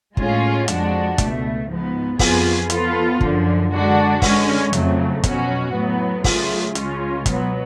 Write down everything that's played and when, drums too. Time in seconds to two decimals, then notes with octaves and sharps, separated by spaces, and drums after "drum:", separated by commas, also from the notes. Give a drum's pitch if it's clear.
0.17 A2 G#3 C#4 F4 G#4, drum: kick
0.68 F2 F3 G#3 D4 F#4, drum: hi-hat
1.18 C#2 B2 A3, drum: kick, hi-hat
1.69 G#2 F3 B3
2.19 F2 F3 B3 F4 G#4, drum: kick, open hi-hat
2.70 F3 B3 F4 A4, drum: hi-hat
3.21 F#2 D3 F3, drum: kick
3.72 D3 G#3 D4 F#4
4.22 D3 G#3 C#4, drum: kick, open hi-hat
4.73 F2 C#3 F#3 A3, drum: hi-hat
5.23 B2 F#3 C#4 F#4, drum: kick, hi-hat
5.74 A2 F#3 B3
6.24 C#3 F#3 A3 F4 G#4, drum: kick, open hi-hat
6.75 C#2 C#3 G#3 C#4 F4, drum: hi-hat
7.26 B2 F#3 B3, drum: kick, hi-hat